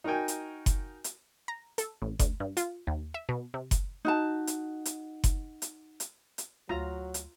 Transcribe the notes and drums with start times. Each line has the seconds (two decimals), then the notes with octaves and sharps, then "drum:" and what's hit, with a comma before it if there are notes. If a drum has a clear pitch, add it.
0.04 D#4 F#4 A#4 G5 G#5
0.28 drum: hi-hat
0.66 drum: kick F#1, hi-hat
1.04 drum: hi-hat
1.48 A#5
1.78 A4, drum: hi-hat
2.02 A1
2.19 D2, drum: kick F#1, hi-hat
2.40 G2
2.57 F4, drum: hi-hat
2.87 D#2
3.14 E5
3.29 B2
3.54 C3
3.71 drum: kick F#1, hi-hat
4.05 D#4 F#4 A5
4.47 drum: hi-hat
4.85 drum: hi-hat
5.24 drum: kick F#1, hi-hat
5.62 drum: hi-hat
6.00 drum: hi-hat
6.38 drum: hi-hat
6.69 D2 F#3 F4 A#5
7.14 drum: hi-hat